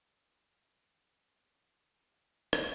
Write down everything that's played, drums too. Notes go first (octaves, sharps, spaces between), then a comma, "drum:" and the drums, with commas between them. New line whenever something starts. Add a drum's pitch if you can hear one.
G#2 B2 D#3 G3
drum: rim click